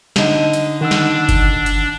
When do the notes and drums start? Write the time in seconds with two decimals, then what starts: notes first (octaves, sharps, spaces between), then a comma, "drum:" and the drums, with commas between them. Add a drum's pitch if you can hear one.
0.16 D3 D#4, drum: snare
0.53 drum: hi-hat
0.81 D#3 D4 F#5 E6
0.91 drum: snare
1.29 drum: kick G1, hi-hat
1.66 drum: hi-hat